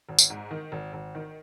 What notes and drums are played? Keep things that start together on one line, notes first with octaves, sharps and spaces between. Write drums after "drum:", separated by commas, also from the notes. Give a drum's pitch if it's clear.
G#1
drum: tambourine
G#2
D#3
G#1
G#1
D#3